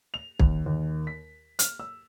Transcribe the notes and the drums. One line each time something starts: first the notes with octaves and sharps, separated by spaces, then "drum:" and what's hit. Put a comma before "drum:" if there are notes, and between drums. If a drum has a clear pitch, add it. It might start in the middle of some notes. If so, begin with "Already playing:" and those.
F7
D#2, drum: kick
D#2
B6
F6, drum: hi-hat
E6